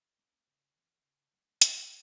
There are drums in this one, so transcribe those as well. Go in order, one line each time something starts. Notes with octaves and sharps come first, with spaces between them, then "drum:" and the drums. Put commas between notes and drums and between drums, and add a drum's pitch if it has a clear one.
G3 B3 D4 F4
C#3
E3 G3 C4
C#3
F#3 A3 D4
D3, drum: hi-hat